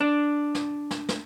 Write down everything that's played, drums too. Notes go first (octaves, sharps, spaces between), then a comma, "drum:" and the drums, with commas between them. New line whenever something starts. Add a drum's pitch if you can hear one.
D4
drum: snare
drum: snare
drum: snare